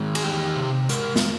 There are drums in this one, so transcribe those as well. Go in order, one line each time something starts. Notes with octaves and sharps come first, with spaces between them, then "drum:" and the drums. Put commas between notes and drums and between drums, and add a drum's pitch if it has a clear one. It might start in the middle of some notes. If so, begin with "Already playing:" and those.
Already playing: D#3 G#3
G#4, drum: cymbal
E2 G4
C3
G#3 A#4, drum: hi-hat
drum: snare